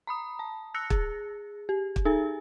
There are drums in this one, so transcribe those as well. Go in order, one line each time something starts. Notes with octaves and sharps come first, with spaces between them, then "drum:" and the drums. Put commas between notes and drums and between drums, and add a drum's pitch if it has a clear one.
A#5 B5 D#6
A5
E6 F#6 A#6 C#7
G#4, drum: kick
G4
drum: kick
D#4 G#4 A4 G#5